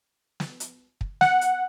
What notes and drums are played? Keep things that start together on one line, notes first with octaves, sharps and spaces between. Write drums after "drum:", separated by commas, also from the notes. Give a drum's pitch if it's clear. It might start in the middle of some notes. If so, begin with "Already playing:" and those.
drum: snare
drum: hi-hat
drum: kick
F#5, drum: snare
drum: hi-hat